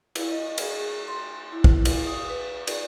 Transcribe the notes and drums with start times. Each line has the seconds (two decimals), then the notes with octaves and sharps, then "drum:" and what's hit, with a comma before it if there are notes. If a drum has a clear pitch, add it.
0.15 E4, drum: cymbal
0.31 D#5
0.58 G#4, drum: cymbal
1.08 C6
1.52 E4
1.64 drum: kick
1.85 drum: cymbal
2.06 D#6
2.30 B4
2.67 D5, drum: cymbal